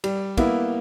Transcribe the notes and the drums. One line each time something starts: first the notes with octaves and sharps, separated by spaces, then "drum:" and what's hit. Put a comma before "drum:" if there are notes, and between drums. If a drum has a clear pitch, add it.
G3, drum: cymbal
A#3 B3 E4, drum: kick, cymbal